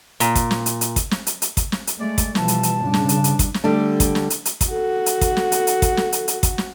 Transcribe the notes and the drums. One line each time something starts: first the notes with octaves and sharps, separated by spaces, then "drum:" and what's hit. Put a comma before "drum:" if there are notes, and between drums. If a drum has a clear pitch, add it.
A#2, drum: hi-hat
drum: kick, hi-hat
drum: snare
drum: hi-hat
drum: hi-hat
drum: kick, hi-hat
drum: snare
drum: hi-hat
drum: hi-hat
drum: kick, hi-hat
drum: snare
drum: hi-hat
G#3 A3 D5
drum: kick, hi-hat
B2 E3 F3 G3 A5, drum: snare
drum: hi-hat
drum: hi-hat
G2 C#3 D4
drum: snare
drum: hi-hat
drum: hi-hat
drum: kick, hi-hat
drum: snare
D3 G3 A3 D4
drum: kick, hi-hat
drum: snare
drum: hi-hat
drum: hi-hat
drum: kick, hi-hat
F#4 A4
drum: hi-hat
drum: kick, hi-hat
drum: snare
drum: hi-hat
drum: hi-hat
drum: kick, hi-hat
drum: snare
drum: hi-hat
drum: hi-hat
drum: kick, hi-hat
drum: snare